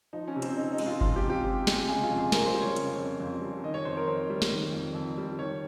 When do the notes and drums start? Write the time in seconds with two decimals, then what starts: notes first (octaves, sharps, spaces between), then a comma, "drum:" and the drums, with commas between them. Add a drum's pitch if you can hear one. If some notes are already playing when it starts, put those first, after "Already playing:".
0.13 F3 D#4
0.28 C#4
0.36 C3
0.42 C4, drum: hi-hat
0.56 C3 D#4
0.72 D#4
0.78 G#3, drum: cymbal
0.87 F4
1.01 F3 F4, drum: kick G1
1.16 G4
1.23 C3
1.30 G4
1.45 C3
1.67 G#3, drum: snare
1.88 C#3 G#4
2.03 F4
2.11 F2
2.18 G#4
2.32 F2 A#4, drum: snare
2.46 C5
2.54 G3
2.62 C#5
2.76 C#3, drum: hi-hat
2.98 F2
3.20 F2
3.41 G3
3.64 D#3 D#5
3.74 C#5
3.85 F2 C5
3.97 A#4
4.07 F2 C5
4.30 G3
4.42 drum: snare
4.51 D#3
4.73 F2
4.94 F2
5.17 G3
5.39 D#3 C#5